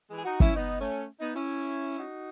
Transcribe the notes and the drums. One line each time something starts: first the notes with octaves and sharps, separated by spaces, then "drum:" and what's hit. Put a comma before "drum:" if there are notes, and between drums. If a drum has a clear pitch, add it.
E3 G#3
G#4
D#4 F#4
C#4 E4, drum: kick
B3 D#4
A3 C#4
B3 D#4
C#4 E4
D#4 F#4